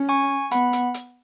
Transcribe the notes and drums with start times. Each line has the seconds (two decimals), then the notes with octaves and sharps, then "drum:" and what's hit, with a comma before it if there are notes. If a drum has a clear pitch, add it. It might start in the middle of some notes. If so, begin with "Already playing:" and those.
Already playing: C#4
0.09 G#5 C#6
0.51 B3 F#5 B5, drum: hi-hat
0.73 drum: hi-hat
0.94 drum: hi-hat